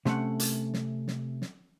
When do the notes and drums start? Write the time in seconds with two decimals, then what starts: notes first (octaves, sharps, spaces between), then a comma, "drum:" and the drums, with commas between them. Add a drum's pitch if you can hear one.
0.05 C3 A3 C#4 F#5, drum: snare
0.40 drum: hi-hat
0.74 drum: snare
1.08 drum: snare
1.42 drum: snare